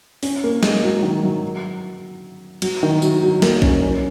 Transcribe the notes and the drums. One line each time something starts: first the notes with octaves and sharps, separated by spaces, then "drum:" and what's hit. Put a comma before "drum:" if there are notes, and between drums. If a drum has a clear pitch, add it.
C#4, drum: open hi-hat
A#3
G#3, drum: snare
F#3
D#3
F#3
F#3, drum: cymbal
D#3
F#3, drum: tambourine
F#3
A#3, drum: snare
C#4, drum: kick A#1
C#4